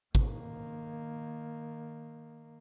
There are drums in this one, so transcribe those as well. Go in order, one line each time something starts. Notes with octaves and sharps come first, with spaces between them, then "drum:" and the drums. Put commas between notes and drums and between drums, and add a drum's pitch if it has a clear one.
D#3 A#3, drum: kick